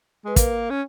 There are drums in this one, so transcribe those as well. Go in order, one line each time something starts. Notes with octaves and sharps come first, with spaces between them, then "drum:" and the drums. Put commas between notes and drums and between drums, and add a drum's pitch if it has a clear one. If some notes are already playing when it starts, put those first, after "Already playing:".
G#3 B4
A#3 A#4, drum: kick, hi-hat
C#4